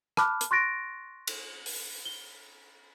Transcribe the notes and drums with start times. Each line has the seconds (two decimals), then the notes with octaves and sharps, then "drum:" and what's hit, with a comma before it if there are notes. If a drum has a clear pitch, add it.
0.17 A5 B5 D6 F6 F#6, drum: rim click
0.41 drum: hi-hat
0.51 C6 C#6 F#6 A6 A#6 D7
1.27 drum: cymbal
1.66 drum: open hi-hat
2.05 G7